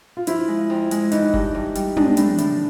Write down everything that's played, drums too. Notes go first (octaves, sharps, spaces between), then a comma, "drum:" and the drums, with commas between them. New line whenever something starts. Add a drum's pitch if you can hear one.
F4
F3 E4, drum: hi-hat
G#3
F2
G#3, drum: hi-hat
E3 D#4, drum: hi-hat
G2, drum: kick F1
G2
G3, drum: hi-hat
G#3 D4, drum: tom
A2, drum: hi-hat
A2, drum: hi-hat